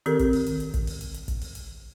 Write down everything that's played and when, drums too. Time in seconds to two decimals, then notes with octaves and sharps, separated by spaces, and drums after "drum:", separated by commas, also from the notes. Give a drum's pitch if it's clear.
0.06 D#3 C4 G4 A4 A#4, drum: hi-hat
0.19 drum: kick, hi-hat
0.33 drum: open hi-hat
0.47 drum: hi-hat
0.60 drum: hi-hat
0.74 drum: kick, hi-hat
0.87 drum: open hi-hat
1.01 drum: hi-hat
1.14 drum: hi-hat
1.28 drum: kick, hi-hat
1.41 drum: open hi-hat
1.55 drum: hi-hat